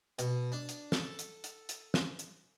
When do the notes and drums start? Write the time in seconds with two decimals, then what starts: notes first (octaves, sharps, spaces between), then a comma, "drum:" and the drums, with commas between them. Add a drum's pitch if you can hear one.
0.19 B2, drum: hi-hat
0.52 D4
0.69 drum: hi-hat
0.92 A4, drum: snare
1.19 drum: hi-hat
1.44 drum: hi-hat
1.69 drum: hi-hat
1.94 drum: snare
2.19 drum: hi-hat